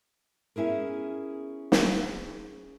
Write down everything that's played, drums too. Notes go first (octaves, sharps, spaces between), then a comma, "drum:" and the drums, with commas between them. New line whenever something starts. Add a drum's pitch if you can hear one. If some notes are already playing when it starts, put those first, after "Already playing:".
B3 C#4 E4 G#4 A#4
drum: snare